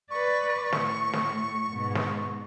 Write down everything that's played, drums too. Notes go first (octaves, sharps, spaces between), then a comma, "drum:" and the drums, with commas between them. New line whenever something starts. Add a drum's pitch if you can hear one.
B4 D5 C#6
A2, drum: snare
drum: snare
G#2 B2
drum: snare